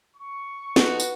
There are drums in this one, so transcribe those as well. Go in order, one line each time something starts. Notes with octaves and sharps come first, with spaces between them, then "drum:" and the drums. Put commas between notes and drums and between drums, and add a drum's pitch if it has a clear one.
C#6
F3 D#4 F#4 A4 B4, drum: snare
drum: tambourine